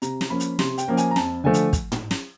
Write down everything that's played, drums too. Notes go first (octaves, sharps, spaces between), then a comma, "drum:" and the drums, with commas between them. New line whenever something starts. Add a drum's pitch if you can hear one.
C3 A#5, drum: hi-hat
drum: snare
F3 A#3 C#4 B5
drum: hi-hat
C3 C6, drum: snare
G5, drum: hi-hat
F3 A#3 C#4
G#5, drum: hi-hat
A#5
F2 A5, drum: snare
D3 F3 A3 G#5
drum: hi-hat
drum: kick, hi-hat
drum: tom
drum: snare